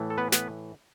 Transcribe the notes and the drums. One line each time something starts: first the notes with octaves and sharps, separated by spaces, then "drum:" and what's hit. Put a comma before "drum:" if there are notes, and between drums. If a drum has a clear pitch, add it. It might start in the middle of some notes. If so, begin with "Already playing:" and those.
Already playing: A2 E3 A3
A4
B3 B4
B3 B4, drum: snare